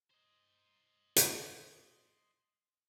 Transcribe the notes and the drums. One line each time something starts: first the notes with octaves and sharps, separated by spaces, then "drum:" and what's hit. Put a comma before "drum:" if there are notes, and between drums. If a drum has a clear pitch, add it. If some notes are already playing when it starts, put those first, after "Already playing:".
C5 D#5
drum: hi-hat